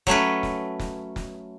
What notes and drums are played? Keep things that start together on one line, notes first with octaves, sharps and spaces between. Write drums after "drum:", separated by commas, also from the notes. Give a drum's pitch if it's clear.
F#3 A3 C#4 B4, drum: kick
drum: snare
drum: snare
drum: snare